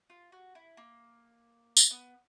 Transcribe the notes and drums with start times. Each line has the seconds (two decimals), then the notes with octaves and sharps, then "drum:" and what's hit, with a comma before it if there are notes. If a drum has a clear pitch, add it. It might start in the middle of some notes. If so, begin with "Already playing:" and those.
0.10 F4
0.32 F#4
0.55 E4
0.77 A#3
1.77 drum: tambourine
1.91 B3